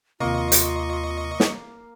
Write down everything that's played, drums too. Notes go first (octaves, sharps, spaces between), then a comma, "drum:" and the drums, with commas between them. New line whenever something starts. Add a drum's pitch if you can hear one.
D#2 C3 A#3 F4 D#5 C#6
drum: hi-hat
drum: snare